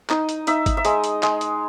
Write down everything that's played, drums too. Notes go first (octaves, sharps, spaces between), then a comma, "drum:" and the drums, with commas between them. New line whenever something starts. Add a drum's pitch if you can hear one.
D#4 D#5, drum: clap
drum: hi-hat
D#4 E5, drum: hi-hat
drum: kick G#1, hi-hat
E5
G#3 D#5, drum: hi-hat
drum: hi-hat
G#3, drum: clap
drum: hi-hat